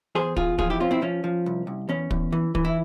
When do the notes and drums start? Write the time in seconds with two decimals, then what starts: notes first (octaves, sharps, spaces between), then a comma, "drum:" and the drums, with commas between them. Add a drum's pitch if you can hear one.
0.15 E2 G#4 C5
0.37 E2 F4 G#4, drum: kick
0.59 F3 F4 G#4, drum: kick
0.70 E4 G4
0.80 C4 C#4 F4
0.91 C4 E4
1.02 F3 C#4
1.24 F3
1.46 C2
1.67 C2
1.89 E2 C#4
2.11 E2, drum: kick
2.32 E3
2.55 E3, drum: kick
2.65 E4